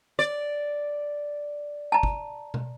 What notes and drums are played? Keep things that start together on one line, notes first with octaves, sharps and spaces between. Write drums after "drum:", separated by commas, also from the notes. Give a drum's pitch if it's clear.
D5
A5 A#5
drum: kick
drum: tom B2